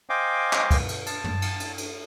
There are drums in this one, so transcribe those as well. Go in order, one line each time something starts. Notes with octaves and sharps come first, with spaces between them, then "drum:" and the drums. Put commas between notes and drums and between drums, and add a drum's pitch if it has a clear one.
C5 D#5 F5 G5 G#5 D6
drum: clap
drum: kick, cymbal
drum: cymbal
A5, drum: cymbal
drum: tom
drum: cymbal
drum: cymbal
drum: cymbal